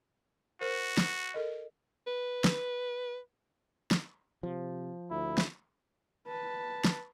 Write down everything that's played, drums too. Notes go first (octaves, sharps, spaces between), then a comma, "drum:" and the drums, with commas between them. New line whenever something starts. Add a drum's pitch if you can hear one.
F#4 A#4 C5
drum: snare
A4 A#4 D#5
B4
drum: snare
drum: snare
C3 F3
D2 E4
drum: snare
B4 A5
drum: snare